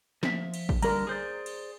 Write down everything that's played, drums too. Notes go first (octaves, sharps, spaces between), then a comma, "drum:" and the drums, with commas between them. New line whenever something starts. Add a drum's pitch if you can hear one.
F3 E5, drum: snare
drum: cymbal
drum: kick A1
D3 G3 A#4 A#5, drum: cymbal
G#4 C5 D5
drum: cymbal